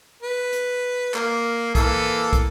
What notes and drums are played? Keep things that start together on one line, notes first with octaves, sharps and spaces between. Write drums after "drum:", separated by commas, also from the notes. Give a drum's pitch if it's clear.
B4
drum: hi-hat
A#3, drum: clap
E3 A#3 A4, drum: kick, hi-hat
drum: kick, hi-hat